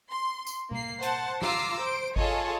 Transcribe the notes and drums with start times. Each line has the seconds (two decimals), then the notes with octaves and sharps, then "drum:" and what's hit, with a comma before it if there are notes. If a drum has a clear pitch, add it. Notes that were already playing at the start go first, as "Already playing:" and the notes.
0.11 C6
0.47 drum: tambourine
0.71 A#3 C7, drum: tom B2
1.02 C5 F#5 A5, drum: hi-hat
1.42 F4 A#5 D6 E6 C7, drum: snare
1.81 C5 D7
2.16 F4 G#4 A4 C#5 D#5 A5, drum: kick G#1